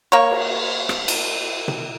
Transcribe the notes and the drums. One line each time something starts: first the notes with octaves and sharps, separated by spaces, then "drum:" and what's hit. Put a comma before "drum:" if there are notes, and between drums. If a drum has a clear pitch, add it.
A#3 C#5
drum: cymbal
drum: rim click
drum: cymbal
drum: tom B2